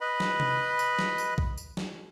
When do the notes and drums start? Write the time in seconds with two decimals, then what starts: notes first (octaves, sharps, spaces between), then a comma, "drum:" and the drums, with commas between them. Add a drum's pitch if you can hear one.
0.01 B4 D#5 B5
0.20 drum: snare
0.40 drum: tom
0.79 drum: tambourine
0.99 drum: snare
1.18 drum: tambourine
1.38 drum: kick B1
1.58 drum: tambourine
1.77 drum: snare